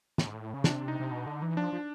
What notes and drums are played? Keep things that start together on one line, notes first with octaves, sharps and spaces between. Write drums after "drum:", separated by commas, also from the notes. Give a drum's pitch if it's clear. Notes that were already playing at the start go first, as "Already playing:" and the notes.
A2, drum: snare
G#2
A2
C#3
C3 D4, drum: snare
D#4
C3
B2
D3
E3
F3 D4
F3